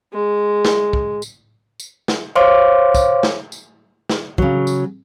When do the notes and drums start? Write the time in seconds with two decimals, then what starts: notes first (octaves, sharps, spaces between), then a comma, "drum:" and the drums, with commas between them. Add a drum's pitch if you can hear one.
0.13 G#3
0.65 drum: snare
0.93 drum: kick
1.22 drum: tambourine
1.80 drum: tambourine
2.08 drum: snare
2.36 C5 C#5 F5 C6 D6
2.95 drum: kick, tambourine
3.23 drum: snare
3.52 drum: tambourine
4.09 drum: snare
4.38 C#3 F#3, drum: kick
4.67 drum: tambourine